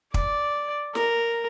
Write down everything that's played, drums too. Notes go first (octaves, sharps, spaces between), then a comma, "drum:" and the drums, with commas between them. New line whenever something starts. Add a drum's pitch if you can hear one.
D5, drum: kick
A#4, drum: snare